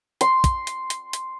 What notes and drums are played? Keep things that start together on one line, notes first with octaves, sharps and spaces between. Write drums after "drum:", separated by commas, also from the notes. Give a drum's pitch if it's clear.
C6, drum: hi-hat
drum: kick, hi-hat
drum: hi-hat
drum: hi-hat
drum: hi-hat